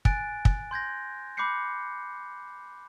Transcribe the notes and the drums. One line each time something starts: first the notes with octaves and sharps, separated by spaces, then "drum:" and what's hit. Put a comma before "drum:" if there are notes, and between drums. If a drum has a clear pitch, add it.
G#5 F#6 A6 D7, drum: kick
drum: kick
C6 G6 G#6 A#6
B5 D6 F#6 G6 C7 C#7